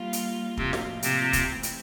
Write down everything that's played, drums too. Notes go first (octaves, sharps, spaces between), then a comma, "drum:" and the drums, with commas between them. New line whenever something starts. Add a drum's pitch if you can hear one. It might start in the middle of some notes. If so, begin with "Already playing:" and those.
Already playing: G3 A#3 F4
drum: hi-hat
A2 C3 F3 A#3 C4 F4, drum: kick
drum: snare
C3 C4, drum: hi-hat
drum: kick, hi-hat
C3 E3 A3 C4
drum: hi-hat